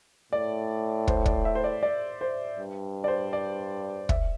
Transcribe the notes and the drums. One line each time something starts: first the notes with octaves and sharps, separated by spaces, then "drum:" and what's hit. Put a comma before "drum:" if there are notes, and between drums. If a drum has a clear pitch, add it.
A2 D5
C5, drum: kick
D5, drum: kick
E5
C5
D5
D5
C5
G2
D5
C5
D5
E5, drum: kick